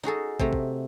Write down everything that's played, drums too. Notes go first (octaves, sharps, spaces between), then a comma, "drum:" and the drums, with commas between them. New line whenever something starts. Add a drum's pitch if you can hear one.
D#4 F#4 G#4 A4
C3 A3 A#5, drum: kick
drum: kick